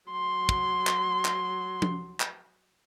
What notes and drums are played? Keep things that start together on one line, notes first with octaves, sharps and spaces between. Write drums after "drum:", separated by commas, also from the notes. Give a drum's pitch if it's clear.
F#3 C6
drum: kick
drum: clap
drum: clap
drum: tom F3
drum: clap